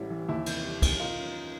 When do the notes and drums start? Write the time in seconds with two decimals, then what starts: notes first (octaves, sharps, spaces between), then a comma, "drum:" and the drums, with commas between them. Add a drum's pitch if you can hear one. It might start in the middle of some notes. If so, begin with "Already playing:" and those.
Already playing: A1 A2 G3 E4
0.10 E3
0.29 D#2 E4
0.46 F1, drum: cymbal
0.65 G3
0.82 D#3, drum: kick, cymbal
1.00 D#3 D#4 F4
1.18 F#2